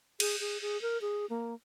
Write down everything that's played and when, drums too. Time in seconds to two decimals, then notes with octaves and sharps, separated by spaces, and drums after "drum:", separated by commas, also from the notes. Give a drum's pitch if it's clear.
0.20 G#4, drum: cymbal
0.40 G#4
0.62 G#4
0.82 A#4
1.01 G#4
1.30 A#3